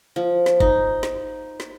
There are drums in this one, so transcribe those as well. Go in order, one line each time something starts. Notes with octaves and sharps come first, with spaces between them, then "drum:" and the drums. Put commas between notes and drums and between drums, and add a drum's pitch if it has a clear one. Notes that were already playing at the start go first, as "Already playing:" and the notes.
F3
drum: snare
D#4, drum: kick G1
drum: snare
drum: snare